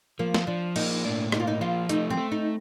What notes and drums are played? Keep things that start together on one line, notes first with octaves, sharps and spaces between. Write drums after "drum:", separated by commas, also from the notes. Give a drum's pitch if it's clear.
F3 A#3
drum: snare
F3 D4
A#3 D#4, drum: cymbal
A2 D4
A#3 D#4, drum: rim click
F4
D#4
F3 F4
A3 D#4, drum: hi-hat
C4
A3
D#4